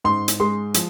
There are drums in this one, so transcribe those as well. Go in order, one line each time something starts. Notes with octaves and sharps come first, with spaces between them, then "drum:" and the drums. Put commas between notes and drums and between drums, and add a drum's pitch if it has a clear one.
G#2 C6
drum: hi-hat
G#3 C6
F3, drum: hi-hat